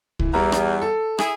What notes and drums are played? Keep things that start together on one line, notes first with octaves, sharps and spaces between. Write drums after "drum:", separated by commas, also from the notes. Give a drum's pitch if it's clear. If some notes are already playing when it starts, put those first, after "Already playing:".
E3, drum: kick C2
E2 G3 A#5
drum: rim click
A4
E4 G#4, drum: rim click